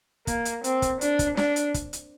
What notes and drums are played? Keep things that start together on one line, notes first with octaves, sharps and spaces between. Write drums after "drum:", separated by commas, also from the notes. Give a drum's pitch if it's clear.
A#3, drum: kick, hi-hat
drum: hi-hat
C4, drum: hi-hat
drum: kick, hi-hat
D4, drum: hi-hat
drum: kick, hi-hat
D4, drum: snare
drum: hi-hat
drum: kick, hi-hat
drum: hi-hat